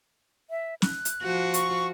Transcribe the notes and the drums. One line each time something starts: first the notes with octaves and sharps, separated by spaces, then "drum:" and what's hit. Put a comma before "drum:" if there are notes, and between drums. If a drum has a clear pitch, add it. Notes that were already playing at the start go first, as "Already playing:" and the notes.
E5
F#6, drum: snare
drum: hi-hat
F3 F#4
C#6, drum: hi-hat